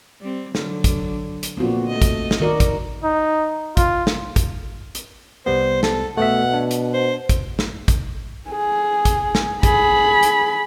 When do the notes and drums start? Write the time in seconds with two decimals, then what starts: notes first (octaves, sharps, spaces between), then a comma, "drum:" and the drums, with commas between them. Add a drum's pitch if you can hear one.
0.21 G3 C4
0.55 D3 F#3, drum: snare
0.84 drum: kick A1, hi-hat
1.43 drum: hi-hat
1.57 A#2 D3 F3 B3 C4 F#4
1.87 A3 D#5
2.02 drum: kick A1, hi-hat
2.31 drum: snare
2.40 D#3 F#4 A#4 D5
2.60 drum: kick A1, hi-hat
3.04 D#4
3.77 F4, drum: kick A1, hi-hat
4.07 drum: snare
4.36 drum: kick A1, hi-hat
4.95 drum: hi-hat
5.46 C2 G3 B3 C5
5.83 A4, drum: snare
6.17 B2 A3 B3 E5 F#5
6.53 D4
6.71 drum: hi-hat
6.94 C5
7.29 drum: kick A1, hi-hat
7.59 drum: snare
7.88 drum: kick A1, hi-hat
8.50 G#4
9.05 drum: kick A1, hi-hat
9.35 drum: snare
9.63 G#4 B5, drum: kick A1, hi-hat
10.23 drum: hi-hat